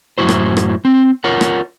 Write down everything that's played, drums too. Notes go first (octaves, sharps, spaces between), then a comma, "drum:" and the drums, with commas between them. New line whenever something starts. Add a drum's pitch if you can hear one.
F#2 A2 E3 E4 F#4 C5
drum: rim click
drum: rim click
C4
F4 A#4 C#5 F#5
drum: rim click